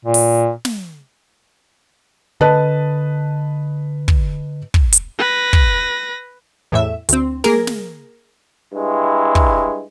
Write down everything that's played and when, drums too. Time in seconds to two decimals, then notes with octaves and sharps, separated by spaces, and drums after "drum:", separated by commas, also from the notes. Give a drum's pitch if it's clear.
0.05 A#2
0.14 drum: open hi-hat
0.65 drum: snare
2.41 D3 B4 D#5 A5
4.08 drum: kick
4.74 drum: kick
4.92 drum: hi-hat
5.19 B4 A#6
5.53 drum: kick
6.72 E2 A2 E5
7.09 D2 C4, drum: hi-hat
7.44 A#3 G#4 A#4, drum: snare
7.67 drum: snare
8.74 G2 G#3 E4
9.35 drum: kick